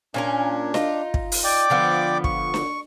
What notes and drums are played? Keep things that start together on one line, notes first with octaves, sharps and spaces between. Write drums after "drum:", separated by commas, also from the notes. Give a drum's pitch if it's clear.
A#2 C#4 D4 A#4
D#4 F4, drum: snare D4
drum: kick
drum: open hi-hat
D5 G5 D6
D3 F3 B3
C#6, drum: kick
drum: snare D4